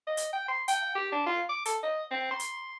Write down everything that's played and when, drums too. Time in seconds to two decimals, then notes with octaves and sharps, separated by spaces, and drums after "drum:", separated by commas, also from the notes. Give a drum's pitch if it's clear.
0.07 D#5
0.17 drum: hi-hat
0.33 G5
0.48 C6
0.68 G5, drum: hi-hat
0.95 G4
1.12 D4
1.26 F4
1.49 D6
1.65 A4, drum: hi-hat
1.83 D#5
2.11 C4
2.31 C6
2.40 drum: hi-hat